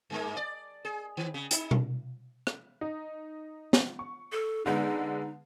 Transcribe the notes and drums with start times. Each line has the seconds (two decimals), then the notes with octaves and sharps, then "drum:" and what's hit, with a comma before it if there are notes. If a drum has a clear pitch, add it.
0.10 G2 G#3 A#3
0.37 D5
0.85 G#4
1.17 D#3
1.34 C#3
1.51 D#4, drum: hi-hat
1.71 drum: tom B2
2.47 drum: rim click
2.81 D#4
3.73 drum: snare
3.99 C#6
4.32 A4
4.66 D3 G#3 B3 D#4